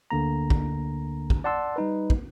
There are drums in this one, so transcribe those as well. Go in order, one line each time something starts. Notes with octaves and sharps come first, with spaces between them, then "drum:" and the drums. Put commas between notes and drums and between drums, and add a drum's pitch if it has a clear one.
D2 D3 A#3 A#5
drum: kick
drum: kick
D5 F#5 A5 C6 E6
G3 D#4 B4
drum: kick